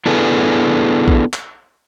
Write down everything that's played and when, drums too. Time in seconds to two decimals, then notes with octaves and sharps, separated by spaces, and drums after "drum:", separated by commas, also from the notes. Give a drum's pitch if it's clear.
0.06 B3 D4 E4 G#4 A4 B4
1.08 drum: kick
1.33 drum: clap